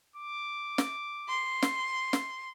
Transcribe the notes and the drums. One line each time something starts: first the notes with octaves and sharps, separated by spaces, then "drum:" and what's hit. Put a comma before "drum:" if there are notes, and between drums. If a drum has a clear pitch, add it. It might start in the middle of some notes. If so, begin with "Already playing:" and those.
D6
drum: snare
C6
drum: snare
drum: snare